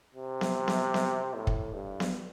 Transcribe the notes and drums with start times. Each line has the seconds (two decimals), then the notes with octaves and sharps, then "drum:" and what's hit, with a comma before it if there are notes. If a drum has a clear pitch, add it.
0.15 C3
0.41 drum: snare B3
0.68 drum: snare B3
0.94 drum: snare B3
1.34 A2
1.47 drum: kick
1.74 G2
2.00 drum: snare B3